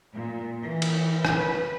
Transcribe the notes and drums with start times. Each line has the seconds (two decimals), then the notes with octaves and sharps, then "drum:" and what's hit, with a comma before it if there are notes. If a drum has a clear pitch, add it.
0.13 A#2
0.61 E3
0.82 drum: cymbal
1.25 drum: rim click
1.34 B4